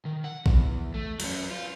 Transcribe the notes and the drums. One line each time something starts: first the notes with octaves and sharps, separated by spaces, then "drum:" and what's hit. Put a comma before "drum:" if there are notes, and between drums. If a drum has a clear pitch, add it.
D#3
F#5
E2, drum: kick A1
A3
F#3 C#4, drum: cymbal
F4